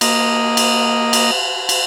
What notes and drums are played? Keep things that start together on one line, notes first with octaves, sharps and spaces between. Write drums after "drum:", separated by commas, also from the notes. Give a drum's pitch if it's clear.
A#3 D#5, drum: cymbal
drum: cymbal
drum: cymbal
drum: cymbal